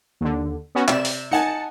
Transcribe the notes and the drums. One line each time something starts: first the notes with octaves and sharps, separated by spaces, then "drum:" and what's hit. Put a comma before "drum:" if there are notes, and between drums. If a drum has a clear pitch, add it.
D#2 D3
B3 C#4 F#4
C3 D5 E7, drum: clap
drum: open hi-hat
D#4 F#5 G#5 A5 C#7